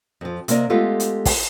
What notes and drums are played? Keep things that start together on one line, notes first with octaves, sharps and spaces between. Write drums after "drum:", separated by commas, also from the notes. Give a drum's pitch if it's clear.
F2 F3
C3 A#3 D5 D#5, drum: hi-hat
G#3 A3 B3 F4 G4 A4
drum: hi-hat
drum: kick, open hi-hat